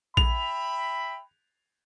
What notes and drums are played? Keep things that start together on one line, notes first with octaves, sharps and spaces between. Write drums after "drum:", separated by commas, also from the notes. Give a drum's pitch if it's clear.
E5 G5 B5 F7, drum: kick A#1